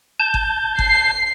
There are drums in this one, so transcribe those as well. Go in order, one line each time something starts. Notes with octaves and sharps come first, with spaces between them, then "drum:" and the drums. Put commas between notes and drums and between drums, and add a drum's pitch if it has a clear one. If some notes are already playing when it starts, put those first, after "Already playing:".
A5 G6
drum: kick G1
C7, drum: kick G1